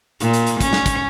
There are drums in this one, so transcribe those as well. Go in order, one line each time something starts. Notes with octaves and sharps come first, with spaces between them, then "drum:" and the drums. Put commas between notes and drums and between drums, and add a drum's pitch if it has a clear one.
A#2, drum: hi-hat
drum: hi-hat
drum: hi-hat
C#4, drum: kick, hi-hat
drum: snare
drum: kick, hi-hat